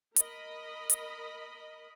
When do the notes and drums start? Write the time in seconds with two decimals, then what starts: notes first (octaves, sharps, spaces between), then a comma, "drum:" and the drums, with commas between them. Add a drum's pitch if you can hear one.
0.16 A#4 D#5 B5, drum: hi-hat
0.90 drum: hi-hat